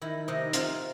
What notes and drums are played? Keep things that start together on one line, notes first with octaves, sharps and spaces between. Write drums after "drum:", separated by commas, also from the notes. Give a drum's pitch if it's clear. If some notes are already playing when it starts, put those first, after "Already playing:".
D#3 E4
C3 D#4
C3 F4, drum: hi-hat